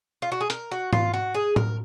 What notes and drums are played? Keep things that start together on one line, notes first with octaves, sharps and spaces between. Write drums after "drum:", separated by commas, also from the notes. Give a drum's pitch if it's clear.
F4
F#4
G#4
A#4, drum: hi-hat
F#4
F4, drum: tom
F#4
G#4
A#4, drum: tom A2